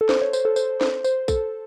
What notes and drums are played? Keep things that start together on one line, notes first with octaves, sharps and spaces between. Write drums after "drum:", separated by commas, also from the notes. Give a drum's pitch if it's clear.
A4
C5, drum: snare
C#5
C5, drum: tambourine
A4
C5, drum: tambourine
C5, drum: snare
C5, drum: tambourine
A4, drum: kick, tambourine